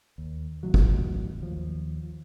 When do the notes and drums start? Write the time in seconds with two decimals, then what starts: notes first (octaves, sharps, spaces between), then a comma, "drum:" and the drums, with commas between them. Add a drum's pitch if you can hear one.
0.18 D#2
0.63 A1 E2 F#3
0.74 drum: kick
1.42 D#2 F3